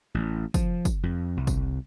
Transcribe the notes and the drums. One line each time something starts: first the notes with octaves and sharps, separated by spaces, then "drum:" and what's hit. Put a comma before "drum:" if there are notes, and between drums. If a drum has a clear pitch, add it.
A1
F3, drum: kick, tambourine
drum: kick, tambourine
F2
C2
drum: kick, tambourine